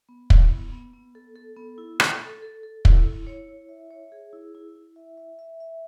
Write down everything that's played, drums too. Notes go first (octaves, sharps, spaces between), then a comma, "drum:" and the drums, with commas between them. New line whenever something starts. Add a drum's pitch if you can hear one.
B3
E4, drum: kick
B3
B3
B3
A4
A4
B3
E4
A4, drum: rim click
A4
A4
A4
E4, drum: kick
E4
C#5
E4
E5
C#5
G#4
E4
E4
E4
E5
E5
E5
E5